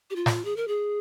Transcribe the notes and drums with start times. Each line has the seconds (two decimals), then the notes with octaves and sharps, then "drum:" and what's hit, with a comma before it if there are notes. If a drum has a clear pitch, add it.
0.10 G4
0.16 F4
0.26 drum: snare
0.45 G#4
0.56 A#4
0.68 G#4